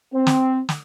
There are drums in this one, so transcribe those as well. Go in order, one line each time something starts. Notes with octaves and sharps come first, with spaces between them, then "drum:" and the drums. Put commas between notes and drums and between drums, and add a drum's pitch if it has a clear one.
C4
drum: snare
drum: snare